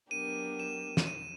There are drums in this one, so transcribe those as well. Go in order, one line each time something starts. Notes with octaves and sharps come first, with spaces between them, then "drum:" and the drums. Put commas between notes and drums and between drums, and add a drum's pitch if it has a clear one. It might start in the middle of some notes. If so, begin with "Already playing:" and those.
F#3 B3 D4 G4 A#4 D#7
E7
drum: snare
D#7